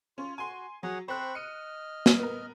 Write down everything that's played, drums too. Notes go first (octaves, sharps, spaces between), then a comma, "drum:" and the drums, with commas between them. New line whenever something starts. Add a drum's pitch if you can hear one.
C#4 F4
F#4 G#5 C6
F#3 G#4 C#5 F#5
C4 C5 B5 C#6 F#6
D#5 F6 C#7 D#7
drum: snare
B3 A#4